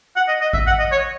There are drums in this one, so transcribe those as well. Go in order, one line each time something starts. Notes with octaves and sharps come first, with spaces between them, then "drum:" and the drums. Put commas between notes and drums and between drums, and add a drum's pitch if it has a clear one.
F#5
D#5
D#5
E5, drum: kick A1
F#5
D#5
C#5